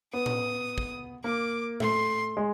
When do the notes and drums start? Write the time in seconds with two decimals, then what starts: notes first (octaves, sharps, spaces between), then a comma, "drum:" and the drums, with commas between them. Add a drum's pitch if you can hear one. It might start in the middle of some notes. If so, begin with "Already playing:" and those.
0.13 B3 D#6
0.26 drum: tom A2
0.78 drum: kick
1.24 A#3 D6
1.80 A3 C6, drum: tom A2
2.37 G#3